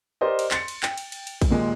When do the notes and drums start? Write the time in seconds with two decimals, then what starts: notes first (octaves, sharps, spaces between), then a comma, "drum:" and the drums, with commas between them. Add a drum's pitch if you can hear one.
0.21 G4 A#4 C5 D5 D#5
0.39 drum: cymbal
0.51 C6 A6 C#7, drum: clap
0.68 drum: cymbal
0.83 G5, drum: clap
0.98 drum: cymbal
1.12 drum: cymbal
1.27 drum: cymbal
1.42 drum: kick A#1, cymbal
1.51 D#2 A#2 G#3